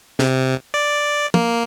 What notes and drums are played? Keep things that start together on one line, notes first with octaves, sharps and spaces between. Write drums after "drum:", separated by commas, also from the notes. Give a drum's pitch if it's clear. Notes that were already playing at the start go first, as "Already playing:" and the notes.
C3, drum: snare
D5
A#3, drum: tom